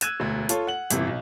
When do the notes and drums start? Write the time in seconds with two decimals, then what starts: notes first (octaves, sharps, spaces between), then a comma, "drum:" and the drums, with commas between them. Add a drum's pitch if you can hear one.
0.01 E6 F#6 G#6 D#7 E7, drum: hi-hat
0.20 E1 D2
0.49 F4 A4 C#5, drum: hi-hat
0.67 F#5 F#7
0.90 G1 C3 E3, drum: hi-hat
1.07 B1